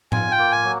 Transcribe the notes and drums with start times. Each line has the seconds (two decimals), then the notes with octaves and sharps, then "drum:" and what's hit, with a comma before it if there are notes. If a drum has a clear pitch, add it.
0.12 F4 G#5, drum: tom A2
0.32 G5
0.38 A#3
0.52 G#5
0.64 F#3